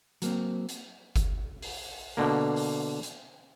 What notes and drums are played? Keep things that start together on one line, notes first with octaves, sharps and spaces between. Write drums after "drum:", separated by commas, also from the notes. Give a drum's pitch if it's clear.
F#3 A#3 C4, drum: hi-hat
drum: hi-hat
drum: kick G1, hi-hat
drum: open hi-hat
B2 D3 A#3
drum: open hi-hat
drum: hi-hat